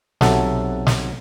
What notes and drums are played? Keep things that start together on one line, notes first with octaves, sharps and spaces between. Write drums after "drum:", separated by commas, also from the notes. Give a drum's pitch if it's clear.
B1 C3 F#3 A4 E5 F#5, drum: snare
drum: snare